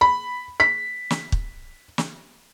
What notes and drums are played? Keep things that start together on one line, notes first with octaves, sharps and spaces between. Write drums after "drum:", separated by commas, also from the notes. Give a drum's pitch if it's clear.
B5
B6
drum: snare
drum: kick
drum: snare